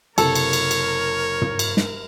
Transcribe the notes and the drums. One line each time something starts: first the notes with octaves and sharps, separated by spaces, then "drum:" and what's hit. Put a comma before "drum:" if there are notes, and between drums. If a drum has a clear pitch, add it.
F#1 C3 A4 A#4 C#5, drum: cymbal
drum: cymbal
drum: cymbal
drum: cymbal
drum: tom
drum: cymbal
drum: snare